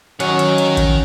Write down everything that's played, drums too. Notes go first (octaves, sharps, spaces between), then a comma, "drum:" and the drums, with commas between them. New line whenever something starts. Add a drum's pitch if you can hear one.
D#3 F#3 C#4 D#5 F#5 C#6, drum: cymbal
drum: cymbal
drum: cymbal
drum: kick A1, cymbal